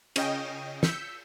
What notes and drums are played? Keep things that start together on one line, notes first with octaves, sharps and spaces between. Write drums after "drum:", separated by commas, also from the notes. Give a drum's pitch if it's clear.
C#3 C#4 D#5 G5, drum: cymbal
E6 G6 B6 C#7, drum: snare